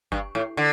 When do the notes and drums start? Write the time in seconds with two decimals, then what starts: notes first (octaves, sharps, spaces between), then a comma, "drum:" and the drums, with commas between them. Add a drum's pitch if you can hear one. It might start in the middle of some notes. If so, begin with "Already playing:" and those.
0.12 G2, drum: kick F#1
0.35 A2
0.57 D3